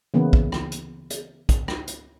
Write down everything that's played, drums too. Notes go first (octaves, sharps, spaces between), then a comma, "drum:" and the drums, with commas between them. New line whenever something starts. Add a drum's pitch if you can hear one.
C#3 E3 A#3 B3
drum: kick
drum: rim click
drum: hi-hat
drum: hi-hat
drum: kick, hi-hat
drum: rim click
drum: hi-hat